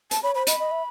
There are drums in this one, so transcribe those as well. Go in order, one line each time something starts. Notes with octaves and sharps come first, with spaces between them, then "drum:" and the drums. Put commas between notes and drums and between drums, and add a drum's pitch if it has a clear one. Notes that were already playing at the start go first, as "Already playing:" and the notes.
A5, drum: hi-hat
C#5 B5
C5 B5
D#5 B5, drum: hi-hat
D#5
E5